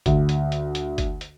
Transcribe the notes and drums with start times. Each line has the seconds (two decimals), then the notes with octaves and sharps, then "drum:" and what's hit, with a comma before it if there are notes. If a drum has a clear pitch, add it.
0.06 D2, drum: kick F#1, hi-hat
0.29 drum: hi-hat
0.52 drum: hi-hat
0.75 drum: hi-hat
0.98 drum: kick F#1, hi-hat
1.21 drum: hi-hat